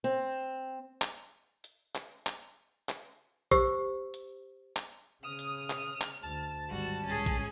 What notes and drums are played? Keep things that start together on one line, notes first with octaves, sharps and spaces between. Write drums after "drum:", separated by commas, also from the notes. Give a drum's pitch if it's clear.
C4
drum: clap
drum: hi-hat
drum: clap
drum: clap
drum: clap
G4 C5 E6, drum: kick, hi-hat
drum: hi-hat
drum: clap
C#3 D#6 F6
drum: hi-hat
drum: clap
drum: clap
D2 A5
G#1 G3 F#4
C#2 A2 C#4 G#4
drum: kick, hi-hat